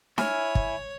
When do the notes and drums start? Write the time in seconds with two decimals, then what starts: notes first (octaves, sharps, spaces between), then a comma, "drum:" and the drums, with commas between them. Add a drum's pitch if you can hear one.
0.18 E4 C#5 G#5 F6, drum: snare
0.55 drum: kick